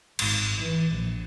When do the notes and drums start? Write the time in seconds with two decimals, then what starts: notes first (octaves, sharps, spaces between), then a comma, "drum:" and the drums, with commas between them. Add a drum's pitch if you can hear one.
0.19 G#1, drum: cymbal
0.57 E3
0.90 A#1